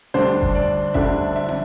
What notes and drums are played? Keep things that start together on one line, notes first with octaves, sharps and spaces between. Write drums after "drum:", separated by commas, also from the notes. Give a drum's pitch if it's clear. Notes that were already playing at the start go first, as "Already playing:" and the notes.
D2 D3 G3 D4 C5
drum: kick F#1
D5
D2 D3 G3 D4 E5, drum: kick F#1
E5
drum: tom